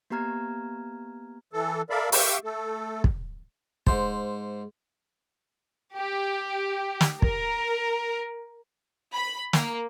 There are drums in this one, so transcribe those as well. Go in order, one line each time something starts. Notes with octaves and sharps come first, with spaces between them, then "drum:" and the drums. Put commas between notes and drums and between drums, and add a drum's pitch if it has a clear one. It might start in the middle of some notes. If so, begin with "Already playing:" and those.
A#3 B3 G4 A#5 F6 G#6
E3 A4
A4 A#4 D5 E5 F5 B5
G4 E5 F5 G5 C#6, drum: open hi-hat
A3 A4
drum: kick
G#2 C5, drum: kick
G4
drum: snare
A#4, drum: kick
B5
A#3, drum: snare